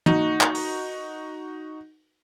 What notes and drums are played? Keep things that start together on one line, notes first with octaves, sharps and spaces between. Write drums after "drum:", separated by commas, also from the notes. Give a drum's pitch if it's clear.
D#4 F#4, drum: tom
drum: clap
drum: open hi-hat